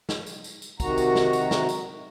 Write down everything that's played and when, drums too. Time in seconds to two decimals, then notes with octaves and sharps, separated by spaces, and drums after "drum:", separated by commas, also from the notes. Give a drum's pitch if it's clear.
0.09 drum: snare
0.26 drum: tambourine
0.44 drum: tambourine
0.62 drum: tambourine
0.80 C3 D#3 F#4 A#5, drum: kick, tambourine
0.98 drum: tambourine
1.15 drum: snare
1.33 drum: tambourine
1.51 drum: snare
1.69 drum: tambourine